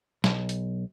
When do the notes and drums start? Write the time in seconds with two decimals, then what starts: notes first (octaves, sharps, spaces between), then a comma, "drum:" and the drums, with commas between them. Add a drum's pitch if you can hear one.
0.24 B1, drum: snare
0.49 drum: hi-hat